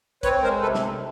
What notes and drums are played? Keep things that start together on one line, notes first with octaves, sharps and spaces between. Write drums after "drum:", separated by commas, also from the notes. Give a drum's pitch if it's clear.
C4 B4 C#5, drum: kick, hi-hat
G#3 A#4 C5
C3 A4 B4
drum: snare